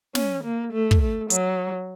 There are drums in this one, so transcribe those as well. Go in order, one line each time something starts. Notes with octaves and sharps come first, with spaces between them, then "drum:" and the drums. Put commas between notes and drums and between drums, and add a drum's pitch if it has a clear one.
C#4, drum: snare
A#3
A3
drum: kick
A3
F#3, drum: hi-hat